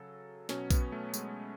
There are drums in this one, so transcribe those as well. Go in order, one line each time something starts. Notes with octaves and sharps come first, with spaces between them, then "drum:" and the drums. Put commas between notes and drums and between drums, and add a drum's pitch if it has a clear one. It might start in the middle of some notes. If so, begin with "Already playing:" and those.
Already playing: C#3 F#3 A4
B2 F#3 C#4, drum: snare
B3, drum: kick A#1, tambourine
A3
G#3, drum: tambourine